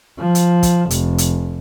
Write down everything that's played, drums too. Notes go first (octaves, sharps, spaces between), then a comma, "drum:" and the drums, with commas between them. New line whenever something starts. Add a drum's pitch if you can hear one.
F3
drum: hi-hat
drum: kick, hi-hat
F1, drum: hi-hat
drum: hi-hat